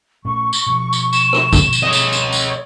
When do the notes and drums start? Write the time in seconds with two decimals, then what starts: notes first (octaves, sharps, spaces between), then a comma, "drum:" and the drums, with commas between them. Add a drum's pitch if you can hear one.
0.25 A#2 A3 C#4 C#6
0.53 drum: tambourine
0.66 B2 F3
0.93 drum: tambourine
1.13 E7, drum: tambourine
1.33 drum: rim click
1.53 drum: kick, tambourine
1.73 drum: tambourine
1.83 C#5 D#5
1.93 drum: tambourine
2.13 drum: tambourine
2.33 drum: tambourine